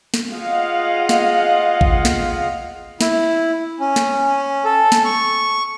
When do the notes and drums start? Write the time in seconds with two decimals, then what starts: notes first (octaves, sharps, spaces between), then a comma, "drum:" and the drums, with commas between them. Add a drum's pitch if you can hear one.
0.14 drum: snare
0.30 F4 G#4 D#5 F5 F#5
1.09 drum: snare
1.81 drum: kick A1
2.05 drum: snare
3.01 E4, drum: snare
3.80 C#4
3.96 drum: snare
4.65 A4
4.92 drum: snare
5.05 C#6